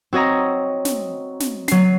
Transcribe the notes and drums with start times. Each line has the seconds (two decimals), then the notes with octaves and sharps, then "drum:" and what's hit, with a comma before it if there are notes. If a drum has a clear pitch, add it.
0.13 C4 F#4 C#5 D#5 A#5
0.85 drum: snare
1.40 drum: snare
1.68 F#3 C7, drum: snare